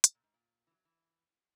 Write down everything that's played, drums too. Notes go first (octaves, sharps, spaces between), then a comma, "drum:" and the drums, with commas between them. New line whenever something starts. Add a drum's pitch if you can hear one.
drum: hi-hat
A#2
G#2
A#2
E3
F#3
E3